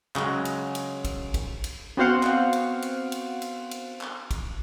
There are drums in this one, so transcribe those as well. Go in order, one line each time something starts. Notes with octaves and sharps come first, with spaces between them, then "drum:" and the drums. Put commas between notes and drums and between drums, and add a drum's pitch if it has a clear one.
C#3 F#3 G#3, drum: clap
drum: cymbal
drum: cymbal
drum: kick, cymbal
drum: kick, cymbal
drum: cymbal
B3 C4 F#4 C5 F5 F#5
drum: clap
drum: cymbal
drum: cymbal
drum: cymbal
drum: cymbal
drum: cymbal
drum: clap
drum: kick, cymbal